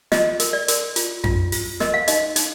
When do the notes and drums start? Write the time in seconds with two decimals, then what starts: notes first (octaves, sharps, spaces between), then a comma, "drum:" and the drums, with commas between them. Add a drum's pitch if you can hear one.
0.12 F4 D#5, drum: snare
0.40 A#4, drum: hi-hat
0.53 D5
0.68 A#4, drum: hi-hat
0.96 F4, drum: hi-hat
1.24 F4, drum: tom F2
1.52 F4, drum: open hi-hat
1.80 A#4 D#5, drum: snare
1.94 F5
2.08 D#4 D#5, drum: hi-hat
2.36 D#4, drum: hi-hat